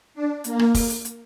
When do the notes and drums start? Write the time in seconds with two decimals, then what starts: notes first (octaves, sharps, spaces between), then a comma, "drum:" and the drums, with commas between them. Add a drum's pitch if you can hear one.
0.14 D4
0.44 A#3, drum: hi-hat
0.59 drum: rim click
0.75 drum: kick, open hi-hat
0.90 drum: hi-hat
1.05 drum: hi-hat